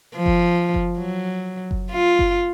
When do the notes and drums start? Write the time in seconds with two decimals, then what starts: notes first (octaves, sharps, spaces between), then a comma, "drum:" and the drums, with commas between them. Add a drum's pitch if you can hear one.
0.16 F3
0.26 drum: kick F#1
0.74 drum: kick F#1
0.98 F#3
1.71 drum: kick F#1
1.92 F4
2.19 drum: kick F#1